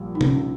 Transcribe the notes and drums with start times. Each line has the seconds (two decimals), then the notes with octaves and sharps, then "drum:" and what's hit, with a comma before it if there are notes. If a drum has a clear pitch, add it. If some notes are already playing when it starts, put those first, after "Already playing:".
Already playing: A#1 A#2 G3
0.15 D#4
0.21 C#4, drum: tom